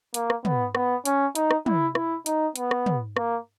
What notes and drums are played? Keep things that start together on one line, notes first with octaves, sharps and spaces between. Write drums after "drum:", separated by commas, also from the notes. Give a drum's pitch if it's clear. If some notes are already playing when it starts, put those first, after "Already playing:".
A#3, drum: hi-hat
drum: rim click
B3, drum: tom
B3, drum: rim click
C#4, drum: hi-hat
D#4, drum: hi-hat
drum: rim click
E4, drum: tom
E4, drum: rim click
D#4, drum: hi-hat
B3, drum: hi-hat
drum: rim click
drum: tom
A#3, drum: rim click